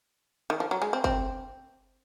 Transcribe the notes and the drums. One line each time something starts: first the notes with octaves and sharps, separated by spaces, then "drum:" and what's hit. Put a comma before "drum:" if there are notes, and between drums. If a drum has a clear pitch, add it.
D#3
F3
F#3
G#3
C4
C4, drum: kick G1